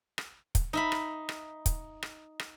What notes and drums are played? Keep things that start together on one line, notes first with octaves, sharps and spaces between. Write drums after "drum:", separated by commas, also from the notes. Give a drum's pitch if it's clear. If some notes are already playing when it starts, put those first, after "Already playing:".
drum: rim click
drum: kick, hi-hat
D#4 E5 B5
drum: rim click
drum: rim click
drum: kick, hi-hat
drum: rim click
drum: rim click